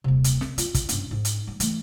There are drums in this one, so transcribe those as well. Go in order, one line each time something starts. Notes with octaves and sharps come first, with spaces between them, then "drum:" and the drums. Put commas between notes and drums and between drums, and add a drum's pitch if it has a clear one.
D#1 C3
drum: hi-hat
drum: snare
F4, drum: hi-hat
drum: kick, hi-hat
G2 C#4, drum: hi-hat
G#2
drum: hi-hat
F#3
E3 A3, drum: hi-hat